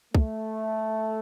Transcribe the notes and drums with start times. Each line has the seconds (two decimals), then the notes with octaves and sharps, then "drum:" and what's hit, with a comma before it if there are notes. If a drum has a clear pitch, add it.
0.15 A3, drum: kick